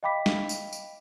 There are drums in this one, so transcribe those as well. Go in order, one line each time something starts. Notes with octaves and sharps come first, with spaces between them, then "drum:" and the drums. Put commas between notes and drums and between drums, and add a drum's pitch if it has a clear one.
D#5 F5 G5 B5 D6 B6
drum: snare
drum: tambourine
drum: tambourine